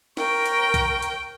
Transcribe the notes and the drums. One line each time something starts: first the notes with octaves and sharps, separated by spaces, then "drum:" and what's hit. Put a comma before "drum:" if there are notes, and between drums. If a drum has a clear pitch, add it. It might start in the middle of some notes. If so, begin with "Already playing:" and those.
A#4 G5 C#6, drum: snare
drum: hi-hat
drum: kick, hi-hat
drum: hi-hat